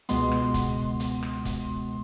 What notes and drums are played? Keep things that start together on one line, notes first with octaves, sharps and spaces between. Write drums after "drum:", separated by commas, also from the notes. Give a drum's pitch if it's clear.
C#2 B2 G#3 B3 C6, drum: hi-hat
drum: rim click
drum: kick, hi-hat
drum: hi-hat
drum: rim click
drum: kick, hi-hat